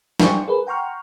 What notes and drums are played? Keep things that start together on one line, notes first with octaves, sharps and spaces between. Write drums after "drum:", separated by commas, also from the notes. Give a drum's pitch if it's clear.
D5 G5 G#5 C6 C#6, drum: snare
G#4 A#4 B4
F#5 G5 A#5 C6 C#6 F6